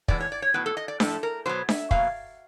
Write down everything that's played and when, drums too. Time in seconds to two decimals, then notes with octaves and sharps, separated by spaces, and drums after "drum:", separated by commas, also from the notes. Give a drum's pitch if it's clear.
0.08 A2 E3 G#3 B3 D5, drum: kick
0.20 C#5
0.32 D5
0.42 C#5
0.54 A2 F#3 B3 B4
0.66 A4
0.77 D#5
0.88 D5
1.00 A2 F3 A3 A4, drum: snare D4
1.23 A#4
1.45 B2 F#3 B3 C5
1.69 E5, drum: snare D4
1.91 B2 F#3 A#3 F5, drum: kick